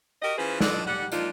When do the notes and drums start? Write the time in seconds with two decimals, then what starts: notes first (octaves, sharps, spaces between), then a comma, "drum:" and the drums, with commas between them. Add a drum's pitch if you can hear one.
0.22 F#4 G4 A#4 D#5
0.38 E3 C#4 F4 G#4 B4 C5
0.61 D4 F4 A4 B4 D5 D#5, drum: snare
0.87 G3 F#5
1.12 F3 A#3 D4 D#4 F4, drum: tambourine